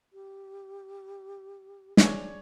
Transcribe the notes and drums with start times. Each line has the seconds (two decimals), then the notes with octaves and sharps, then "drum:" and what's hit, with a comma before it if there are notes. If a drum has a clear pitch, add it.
0.13 G4
1.97 D4 G#4 C#5, drum: snare